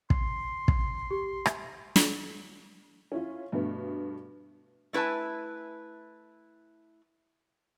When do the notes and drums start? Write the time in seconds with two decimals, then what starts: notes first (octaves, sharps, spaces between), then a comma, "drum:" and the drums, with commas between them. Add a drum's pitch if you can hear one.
0.10 C6, drum: kick
0.68 drum: kick
1.11 G4
1.46 E5, drum: rim click
1.96 drum: snare
3.12 C#4 E4 F4
3.52 G2 B2 A3 B3
4.93 A3 E4 B4 G#5 A5